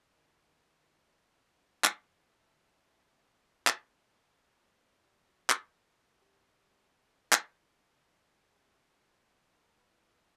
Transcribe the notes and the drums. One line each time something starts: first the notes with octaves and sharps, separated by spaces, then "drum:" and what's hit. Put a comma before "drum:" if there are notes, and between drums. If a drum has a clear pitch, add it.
D#3
drum: clap
E5 A5
drum: clap
D2
G3
F#4
drum: clap
G4
drum: clap
G#4
F#4
D5
F4
A#4
B4
E3
D#5